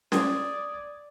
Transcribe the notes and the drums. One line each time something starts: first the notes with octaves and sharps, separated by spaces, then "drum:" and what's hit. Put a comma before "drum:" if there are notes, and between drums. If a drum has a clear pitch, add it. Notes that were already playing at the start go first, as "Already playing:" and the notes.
D5 D#6 G#6, drum: snare